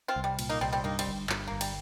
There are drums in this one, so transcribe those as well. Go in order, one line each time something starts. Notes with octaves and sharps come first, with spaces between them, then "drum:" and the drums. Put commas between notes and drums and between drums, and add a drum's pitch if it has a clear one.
C4 F4
C2
G3
A#2, drum: cymbal
A#3 D#4
C2 G3 C4
G3 C4
G2 A#3 D#4
G3 C4, drum: cymbal
G1
G2, drum: clap
G1 A#3
G3, drum: cymbal